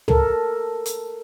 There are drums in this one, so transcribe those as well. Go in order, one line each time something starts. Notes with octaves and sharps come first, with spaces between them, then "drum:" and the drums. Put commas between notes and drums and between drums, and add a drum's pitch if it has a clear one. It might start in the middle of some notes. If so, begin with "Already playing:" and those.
A4 A#4, drum: tom C#2
drum: hi-hat